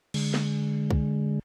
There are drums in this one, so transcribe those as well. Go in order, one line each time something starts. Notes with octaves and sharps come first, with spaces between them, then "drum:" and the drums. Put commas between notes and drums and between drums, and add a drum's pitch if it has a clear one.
D3 G#3, drum: cymbal
drum: snare
drum: kick C2